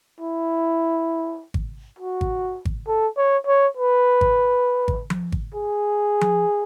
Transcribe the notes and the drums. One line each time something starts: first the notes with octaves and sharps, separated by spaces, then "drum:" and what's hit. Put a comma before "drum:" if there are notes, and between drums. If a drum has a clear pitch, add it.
E4
drum: kick G#1
F#4
drum: kick G#1
drum: kick G#1
A4
C#5
C#5
B4
drum: kick G#1
drum: kick G#1
drum: tom F3
drum: kick G#1
G#4
drum: tom F3